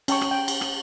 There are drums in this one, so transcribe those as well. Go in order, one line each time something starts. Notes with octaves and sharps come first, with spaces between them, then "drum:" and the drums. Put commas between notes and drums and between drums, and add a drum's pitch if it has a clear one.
C#4 G5 A5 C#6, drum: cymbal
drum: rim click
G5
drum: cymbal
drum: rim click